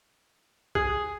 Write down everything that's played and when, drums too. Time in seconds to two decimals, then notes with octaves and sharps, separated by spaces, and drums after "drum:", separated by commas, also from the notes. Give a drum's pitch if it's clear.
0.75 G#4, drum: kick A#1